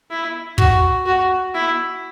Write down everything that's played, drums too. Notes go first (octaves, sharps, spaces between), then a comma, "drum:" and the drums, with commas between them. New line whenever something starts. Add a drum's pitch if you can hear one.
E4
F#4, drum: kick
F#4
E4